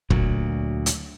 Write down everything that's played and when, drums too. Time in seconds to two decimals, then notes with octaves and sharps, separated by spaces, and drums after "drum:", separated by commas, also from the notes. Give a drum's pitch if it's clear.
0.10 D2 A#2 F#3, drum: kick
0.86 drum: hi-hat